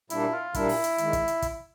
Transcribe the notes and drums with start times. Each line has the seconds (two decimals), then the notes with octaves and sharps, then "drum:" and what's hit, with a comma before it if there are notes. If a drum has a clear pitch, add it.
0.10 A#2 G3 A#3 D4 E4, drum: hi-hat
0.32 F4
0.54 A#2 G3 A#3 D4 E4, drum: kick, hi-hat
0.69 drum: open hi-hat
0.84 drum: hi-hat
0.98 D#3 G#3, drum: hi-hat
1.13 drum: kick, hi-hat
1.28 drum: hi-hat
1.42 drum: kick, hi-hat